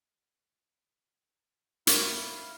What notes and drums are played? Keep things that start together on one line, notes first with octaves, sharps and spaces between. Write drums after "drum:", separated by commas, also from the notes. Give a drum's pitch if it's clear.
C#4 E4 A#4 F5, drum: hi-hat